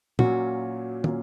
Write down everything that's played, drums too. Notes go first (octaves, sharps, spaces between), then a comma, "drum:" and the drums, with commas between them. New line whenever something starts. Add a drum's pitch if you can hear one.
A#2 F#3 A#3 C#4 F4 F#4, drum: tom
A#2 F#3 A#3 C#4 F4, drum: tom